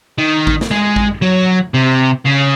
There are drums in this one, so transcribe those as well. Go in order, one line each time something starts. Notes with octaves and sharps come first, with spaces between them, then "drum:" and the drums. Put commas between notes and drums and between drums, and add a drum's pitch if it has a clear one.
D#3
drum: kick A1
drum: snare
G#3
drum: kick A1
F#3
C3
C#3